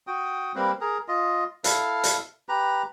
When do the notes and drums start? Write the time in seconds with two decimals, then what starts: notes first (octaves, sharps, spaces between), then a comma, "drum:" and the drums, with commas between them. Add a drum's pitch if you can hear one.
0.07 F#4 G5 D#6
0.55 G3 A#3 C4 B4
0.81 G#4 A#4
1.08 F4 D#5
1.64 E4 A4 F5, drum: hi-hat
2.04 drum: hi-hat
2.49 G4 B4 A#5